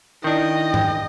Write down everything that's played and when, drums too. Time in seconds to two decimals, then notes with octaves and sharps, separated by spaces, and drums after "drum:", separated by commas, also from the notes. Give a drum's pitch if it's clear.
0.24 D#3 D4 E4 D#5 G5
0.74 drum: tom G#2